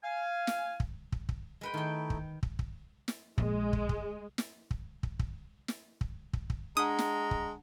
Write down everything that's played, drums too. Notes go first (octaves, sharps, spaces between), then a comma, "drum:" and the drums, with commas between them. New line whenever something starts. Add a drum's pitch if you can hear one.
F5 G#5
drum: snare
drum: kick
drum: kick
drum: kick
G#3 B4 G5
D#3 A3 D#4 E4 G5
drum: kick
drum: kick
drum: kick
drum: snare
A#1 G#3, drum: kick
drum: kick
drum: kick
drum: snare
drum: kick
drum: kick
drum: kick
drum: snare
drum: kick
drum: kick
drum: kick
G#3 D4 F#5 A#5 D#6
drum: snare
drum: kick